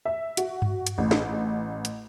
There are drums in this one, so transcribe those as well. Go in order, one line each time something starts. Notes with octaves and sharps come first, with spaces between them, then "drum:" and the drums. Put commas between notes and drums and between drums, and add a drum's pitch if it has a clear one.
E5
F#4, drum: hi-hat
drum: tom G2
drum: hi-hat
A1
drum: snare
drum: hi-hat